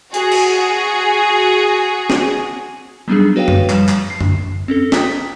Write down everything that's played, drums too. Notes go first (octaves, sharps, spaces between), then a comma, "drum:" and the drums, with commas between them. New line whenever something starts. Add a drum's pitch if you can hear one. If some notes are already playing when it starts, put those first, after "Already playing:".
F#4 G#4, drum: hi-hat
drum: cymbal
drum: snare
F#3 G3 B3 D4 D#4 G#4
F#4 B4 C#5 F5 G5
drum: tom F#2
F3 G3 E7, drum: clap
drum: clap
C7
drum: tom F#2
C4 C#4 A4
G5 A#5 D#6 B6, drum: snare